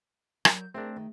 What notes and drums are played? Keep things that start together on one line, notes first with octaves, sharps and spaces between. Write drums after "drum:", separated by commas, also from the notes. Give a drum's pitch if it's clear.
F#3 A#4 D5, drum: rim click
G6
A3 C4 D4 G#4 A#4
D#3